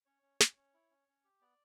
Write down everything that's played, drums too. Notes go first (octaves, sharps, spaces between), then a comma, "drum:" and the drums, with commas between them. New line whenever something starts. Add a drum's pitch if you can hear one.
C#4 C#5
C#4
C#4, drum: snare
C#4
E4
C#4
C#4
G4
B3 D5